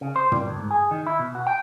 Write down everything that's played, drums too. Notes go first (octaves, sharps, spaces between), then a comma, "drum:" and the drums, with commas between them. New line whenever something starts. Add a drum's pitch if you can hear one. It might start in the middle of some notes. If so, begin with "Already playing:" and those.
C#3
C5
G3, drum: tom
D2
G#2
G#4
D#3
E4
B2
F#4
G5